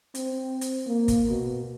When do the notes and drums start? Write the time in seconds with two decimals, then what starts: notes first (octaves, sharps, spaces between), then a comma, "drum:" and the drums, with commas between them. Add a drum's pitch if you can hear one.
0.15 C4, drum: hi-hat
0.61 drum: hi-hat
0.87 A#3
1.08 drum: kick, hi-hat
1.29 B2